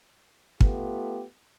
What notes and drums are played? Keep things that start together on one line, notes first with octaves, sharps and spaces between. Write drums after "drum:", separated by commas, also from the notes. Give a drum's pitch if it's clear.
A3 B3 F4 G4, drum: kick